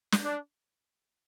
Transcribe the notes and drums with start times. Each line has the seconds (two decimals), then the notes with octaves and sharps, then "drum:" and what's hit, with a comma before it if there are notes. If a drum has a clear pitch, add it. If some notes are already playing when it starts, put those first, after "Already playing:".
0.12 drum: snare
0.23 D4